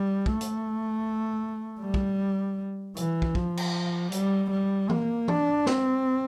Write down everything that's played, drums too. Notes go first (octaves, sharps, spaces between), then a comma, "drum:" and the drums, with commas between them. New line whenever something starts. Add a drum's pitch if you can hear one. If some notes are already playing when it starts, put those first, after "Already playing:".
Already playing: G3
A3, drum: kick
drum: hi-hat
G3
drum: kick
E3, drum: hi-hat
drum: kick
F3, drum: kick
drum: cymbal
G3, drum: hi-hat
G3
A#3, drum: tom E3
D4, drum: tom E3
C4, drum: snare